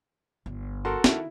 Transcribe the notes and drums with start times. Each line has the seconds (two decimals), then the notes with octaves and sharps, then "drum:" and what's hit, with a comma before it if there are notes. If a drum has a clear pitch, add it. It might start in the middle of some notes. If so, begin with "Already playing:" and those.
0.46 G1
0.85 F#4 A4 A#4 C6
1.04 D#3 E4, drum: snare